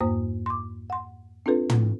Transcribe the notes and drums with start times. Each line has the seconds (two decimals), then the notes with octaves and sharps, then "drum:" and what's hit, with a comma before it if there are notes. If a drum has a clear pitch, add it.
0.01 F2 G#2 A#3 C5 D#6
0.46 C6 D6
0.90 F#5 C6
1.46 C4 D4 F4 A4 B4
1.70 drum: tom